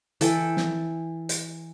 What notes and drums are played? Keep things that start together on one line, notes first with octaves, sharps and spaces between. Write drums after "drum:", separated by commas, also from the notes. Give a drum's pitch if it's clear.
E3 A4 G5, drum: hi-hat
drum: snare
drum: hi-hat